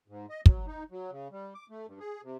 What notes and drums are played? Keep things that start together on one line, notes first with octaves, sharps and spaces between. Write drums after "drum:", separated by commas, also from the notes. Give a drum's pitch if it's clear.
G#2
D#5
F#3, drum: kick
D#4
F#3
C#3
G3
D6
A3
G2
G#4
C3